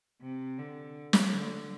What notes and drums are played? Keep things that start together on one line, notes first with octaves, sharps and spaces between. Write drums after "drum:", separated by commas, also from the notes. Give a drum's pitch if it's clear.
C3
D3
drum: snare
D3